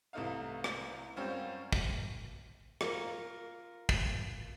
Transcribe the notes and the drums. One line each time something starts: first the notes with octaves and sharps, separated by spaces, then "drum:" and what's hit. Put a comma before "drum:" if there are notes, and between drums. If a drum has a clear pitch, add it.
C2 E3 A3 D#4 F5
drum: rim click
F#2 G3 C4 C#4 F4
drum: kick
F4 A#4, drum: rim click
drum: kick